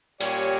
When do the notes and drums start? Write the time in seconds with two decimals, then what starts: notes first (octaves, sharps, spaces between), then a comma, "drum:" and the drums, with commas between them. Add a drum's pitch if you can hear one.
0.21 A#2 G3 C#4 G4 C#5, drum: cymbal